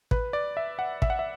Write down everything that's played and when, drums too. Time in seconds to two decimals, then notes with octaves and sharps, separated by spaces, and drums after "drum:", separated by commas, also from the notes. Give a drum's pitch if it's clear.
0.11 B4, drum: kick
0.33 D5
0.57 E5
0.79 F#5
1.02 E5, drum: kick
1.10 F#5
1.19 E5